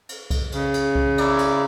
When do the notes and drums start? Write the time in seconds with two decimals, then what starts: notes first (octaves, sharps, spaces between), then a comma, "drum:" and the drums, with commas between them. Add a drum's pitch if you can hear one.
0.09 drum: cymbal
0.30 drum: kick C2, cymbal
0.52 C#3, drum: cymbal
0.74 drum: cymbal
0.95 drum: kick C2
1.18 E4 A#4 D5, drum: cymbal
1.39 drum: cymbal